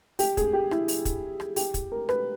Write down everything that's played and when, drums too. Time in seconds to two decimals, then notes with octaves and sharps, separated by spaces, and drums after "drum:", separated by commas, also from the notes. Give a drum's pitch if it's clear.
0.19 G4, drum: open hi-hat
0.37 G#4, drum: kick, hi-hat
0.53 G4
0.71 E4, drum: rim click
0.88 drum: open hi-hat
1.05 drum: kick, hi-hat
1.40 drum: rim click
1.56 G4, drum: open hi-hat
1.74 drum: kick, hi-hat
1.92 A#4
2.09 B4, drum: rim click